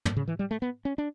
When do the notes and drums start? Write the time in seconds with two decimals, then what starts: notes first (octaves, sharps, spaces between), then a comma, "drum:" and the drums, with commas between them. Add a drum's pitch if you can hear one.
0.05 drum: tom
0.17 C#3
0.28 E3
0.39 G3
0.51 A3
0.62 B3
0.85 C#4
0.98 D4